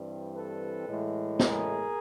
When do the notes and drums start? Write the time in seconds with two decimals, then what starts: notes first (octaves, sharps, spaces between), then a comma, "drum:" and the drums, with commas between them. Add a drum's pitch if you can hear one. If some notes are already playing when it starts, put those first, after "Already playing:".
Already playing: G2 E3 G3 C4
0.34 A4 B4
0.87 A2 E3 G#3
1.39 G#4 A#4, drum: snare